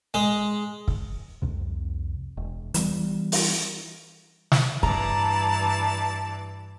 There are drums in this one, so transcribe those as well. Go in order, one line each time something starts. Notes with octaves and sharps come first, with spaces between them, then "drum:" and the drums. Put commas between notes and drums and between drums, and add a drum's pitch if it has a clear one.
G#3
drum: kick
C2 F2 C3
E1
E3 G3 B3, drum: hi-hat
drum: open hi-hat
drum: snare
G2 E3 D5 A5 A#5, drum: kick